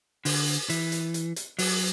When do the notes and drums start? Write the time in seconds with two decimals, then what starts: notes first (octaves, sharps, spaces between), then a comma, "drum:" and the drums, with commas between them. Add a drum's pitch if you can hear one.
0.25 D3, drum: open hi-hat
0.47 drum: hi-hat
0.70 E3, drum: hi-hat
0.92 drum: hi-hat
1.14 drum: hi-hat
1.36 drum: hi-hat
1.59 F#3, drum: open hi-hat